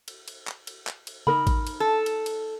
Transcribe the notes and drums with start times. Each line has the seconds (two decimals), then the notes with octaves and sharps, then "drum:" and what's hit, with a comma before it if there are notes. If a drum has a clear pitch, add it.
0.08 drum: cymbal
0.28 drum: cymbal
0.47 drum: clap
0.67 drum: cymbal
0.87 drum: clap
1.07 drum: cymbal
1.27 D#4 A#4 B5, drum: tom C#3
1.47 drum: kick A1, cymbal
1.67 drum: cymbal
1.80 A4
2.06 drum: cymbal
2.26 drum: cymbal